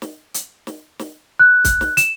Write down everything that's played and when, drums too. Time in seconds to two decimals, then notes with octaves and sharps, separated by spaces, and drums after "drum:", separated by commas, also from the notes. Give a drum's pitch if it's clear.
0.02 drum: snare
0.34 drum: hi-hat
0.67 drum: snare
0.99 drum: snare
1.39 F#6
1.65 drum: kick, hi-hat
1.81 drum: snare
1.97 E7, drum: hi-hat